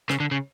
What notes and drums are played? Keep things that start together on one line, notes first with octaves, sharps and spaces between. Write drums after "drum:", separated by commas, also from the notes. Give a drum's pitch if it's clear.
C#3, drum: rim click
D3
C#3